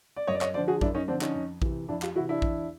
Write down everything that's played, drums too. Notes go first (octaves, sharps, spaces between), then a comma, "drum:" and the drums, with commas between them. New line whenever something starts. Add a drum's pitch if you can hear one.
D5
F#2 C#5 D#5
D5
C#5 D#5, drum: clap
D3 F3 C5 D5
F#4 G#4
F#2 D4 E4, drum: kick A#1
C#4 D#4
D3 F3 C4 D4
C#4 D#4, drum: clap
F2
C3 E3, drum: kick A#1
F2 D4 E4
F4 G4, drum: clap
C3 E3 E4 F#4
D4 E4
E2, drum: kick A#1